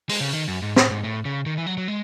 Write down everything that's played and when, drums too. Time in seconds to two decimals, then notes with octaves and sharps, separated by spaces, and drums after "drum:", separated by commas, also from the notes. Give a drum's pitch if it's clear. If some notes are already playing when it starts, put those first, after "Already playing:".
0.09 G#3, drum: open hi-hat
0.21 C#3
0.33 D#3
0.48 F#2
0.62 G#2
0.76 A2, drum: snare
0.91 G#2
1.04 A2
1.25 C#3
1.46 D#3
1.57 E3
1.66 F#3
1.78 F#3
1.88 G#3